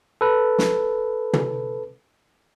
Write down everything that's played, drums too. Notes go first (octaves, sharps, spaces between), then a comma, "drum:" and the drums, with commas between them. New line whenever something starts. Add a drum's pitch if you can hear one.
A4 B4
drum: snare
drum: tom